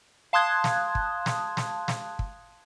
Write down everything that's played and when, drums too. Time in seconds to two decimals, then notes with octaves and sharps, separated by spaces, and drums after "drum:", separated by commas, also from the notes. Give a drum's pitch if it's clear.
0.33 F5 A5 C6 D#6 F#6 G#6
0.64 drum: snare
0.95 drum: kick
1.26 drum: snare
1.57 drum: snare
1.88 drum: snare
2.19 drum: kick